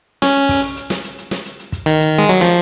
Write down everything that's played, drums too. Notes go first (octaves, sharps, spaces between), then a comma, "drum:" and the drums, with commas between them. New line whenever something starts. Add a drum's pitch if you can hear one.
C#4, drum: snare
drum: hi-hat
drum: kick, open hi-hat
drum: hi-hat
drum: snare
drum: hi-hat
drum: hi-hat
drum: snare
drum: hi-hat
drum: hi-hat
drum: kick, hi-hat
D#3, drum: hi-hat
drum: hi-hat
G#3
F#3, drum: hi-hat
F3, drum: snare